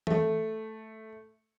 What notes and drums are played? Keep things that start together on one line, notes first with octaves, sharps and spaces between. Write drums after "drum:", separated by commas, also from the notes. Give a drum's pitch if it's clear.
A3, drum: tom E3